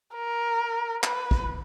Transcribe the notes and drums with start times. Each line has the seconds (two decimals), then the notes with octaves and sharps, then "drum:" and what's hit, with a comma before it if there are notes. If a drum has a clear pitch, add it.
0.15 A#4
1.03 B4, drum: clap
1.31 drum: kick